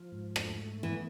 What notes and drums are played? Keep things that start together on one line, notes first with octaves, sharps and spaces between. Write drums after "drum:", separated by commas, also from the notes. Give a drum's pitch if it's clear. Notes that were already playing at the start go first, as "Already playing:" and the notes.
Already playing: F3
G#2
drum: rim click
A3
E3 B3